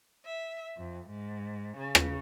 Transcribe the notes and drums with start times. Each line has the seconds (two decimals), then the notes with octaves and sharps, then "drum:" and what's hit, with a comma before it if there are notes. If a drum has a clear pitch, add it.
0.25 E5
0.76 F2
1.10 G#2
1.77 C#3
1.95 drum: rim click